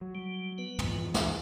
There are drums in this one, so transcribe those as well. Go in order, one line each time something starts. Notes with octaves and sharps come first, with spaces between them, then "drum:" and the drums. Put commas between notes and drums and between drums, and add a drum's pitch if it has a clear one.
F#3
G3
B3 B4
F2 E3 F3, drum: tom
C#2 E3 D4, drum: snare